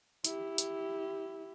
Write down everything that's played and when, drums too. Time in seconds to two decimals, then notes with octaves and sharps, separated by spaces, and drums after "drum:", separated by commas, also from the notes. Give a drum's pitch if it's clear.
0.25 E4 G4, drum: hi-hat
0.58 drum: hi-hat